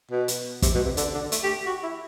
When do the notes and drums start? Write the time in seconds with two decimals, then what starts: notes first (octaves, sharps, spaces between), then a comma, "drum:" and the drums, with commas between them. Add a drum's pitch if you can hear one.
0.11 B2
0.28 drum: hi-hat
0.62 C3, drum: kick, hi-hat
0.75 B2
0.85 C3
0.97 D3, drum: hi-hat
1.15 D3
1.32 A3, drum: hi-hat
1.43 G4
1.66 F#4
1.83 E4